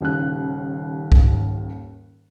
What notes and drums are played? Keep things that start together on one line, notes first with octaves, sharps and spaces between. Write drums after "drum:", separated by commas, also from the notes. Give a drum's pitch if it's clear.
D#1 D#2 C#3 F#6
drum: kick C2